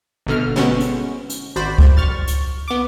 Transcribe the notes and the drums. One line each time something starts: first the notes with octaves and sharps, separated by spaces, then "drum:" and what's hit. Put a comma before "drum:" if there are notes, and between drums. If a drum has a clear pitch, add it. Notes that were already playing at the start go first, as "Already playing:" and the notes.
G1 B2 D3 F6
G#3 B3 C#4 F#4, drum: snare
drum: hi-hat
drum: hi-hat
G#1 F#4 C5 D5 B5
drum: kick C#2
C#6 F6 A6
drum: hi-hat
B3 D6